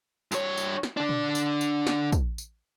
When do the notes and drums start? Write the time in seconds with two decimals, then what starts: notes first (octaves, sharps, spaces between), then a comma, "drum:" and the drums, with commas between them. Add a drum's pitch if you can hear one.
0.32 G2 C#5, drum: tambourine
0.57 drum: tambourine
0.83 drum: snare
0.97 D3 D4
1.09 drum: tom A#2
1.35 drum: tambourine
1.61 drum: tambourine
1.87 drum: snare
2.12 drum: kick, tambourine
2.38 drum: tambourine